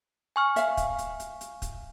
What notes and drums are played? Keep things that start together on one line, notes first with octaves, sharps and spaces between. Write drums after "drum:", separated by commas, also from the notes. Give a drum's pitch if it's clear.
G#5 C#6 F6
E5 F5, drum: hi-hat
drum: kick, hi-hat
drum: hi-hat
drum: hi-hat
drum: hi-hat
drum: kick, hi-hat